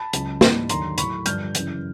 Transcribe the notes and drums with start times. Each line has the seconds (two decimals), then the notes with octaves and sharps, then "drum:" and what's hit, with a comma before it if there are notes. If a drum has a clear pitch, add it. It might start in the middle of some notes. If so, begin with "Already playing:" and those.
Already playing: A5 B5
0.13 C#2 C#3 F#3, drum: hi-hat
0.41 G#2 E3 G3, drum: snare
0.69 D#2 D3 F#3 A#5 C6, drum: hi-hat
0.98 A2 F#3 B5 C#6, drum: hi-hat
1.26 G2 D3 F3 F6 G6, drum: hi-hat
1.55 F#2 C#3 E3, drum: hi-hat